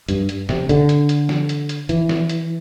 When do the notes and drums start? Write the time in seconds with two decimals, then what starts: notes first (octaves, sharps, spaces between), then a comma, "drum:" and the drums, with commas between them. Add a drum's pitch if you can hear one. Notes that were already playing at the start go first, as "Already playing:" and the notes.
0.08 G2, drum: hi-hat
0.29 drum: hi-hat
0.49 C3, drum: snare
0.69 D3, drum: hi-hat
0.89 drum: hi-hat
1.09 drum: hi-hat
1.29 drum: snare
1.49 drum: hi-hat
1.69 drum: hi-hat
1.89 E3, drum: hi-hat
2.09 drum: snare
2.29 drum: hi-hat